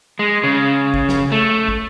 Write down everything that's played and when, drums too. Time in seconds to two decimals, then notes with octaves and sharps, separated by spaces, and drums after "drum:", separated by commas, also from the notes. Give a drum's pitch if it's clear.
0.19 G#3
0.44 C#3
0.94 drum: kick
1.09 drum: snare
1.32 A3
1.68 drum: kick